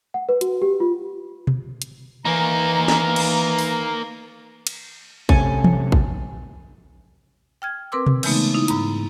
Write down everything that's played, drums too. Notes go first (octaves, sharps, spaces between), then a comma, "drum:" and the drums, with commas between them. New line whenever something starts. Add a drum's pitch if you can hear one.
F#5
B4
F#4, drum: hi-hat
G4
F4
drum: tom B2
drum: hi-hat
E3 A#3 D#4 A#5
drum: snare
drum: cymbal
drum: open hi-hat
drum: cymbal
C3 A3 C#4 A4 G#5, drum: kick A1
drum: tom
drum: kick A1
G5 F6 G#6
C4 A#4 B4 C6 D6 E6
drum: tom B2
C#3 E3 G#3 A3 B3 D#4, drum: cymbal
D#4 E4
G#2 A#5, drum: hi-hat